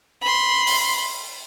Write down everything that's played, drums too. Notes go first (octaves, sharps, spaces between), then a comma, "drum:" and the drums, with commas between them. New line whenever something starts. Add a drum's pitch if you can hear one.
B5 C6
drum: open hi-hat